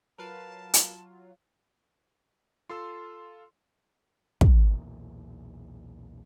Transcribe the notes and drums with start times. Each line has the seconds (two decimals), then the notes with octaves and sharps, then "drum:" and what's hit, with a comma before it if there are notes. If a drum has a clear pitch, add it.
0.18 F#3 F4 A#4 B4 F5 A5
0.74 drum: hi-hat
2.69 F4 A4 C6 E6
4.41 B1 E2 A#2, drum: kick